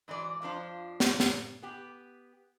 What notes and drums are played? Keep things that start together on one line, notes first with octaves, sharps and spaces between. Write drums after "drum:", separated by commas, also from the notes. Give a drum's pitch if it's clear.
G#2 E3 F#3 D5
F2 F3 D4 F4
drum: snare
drum: snare
B3 G4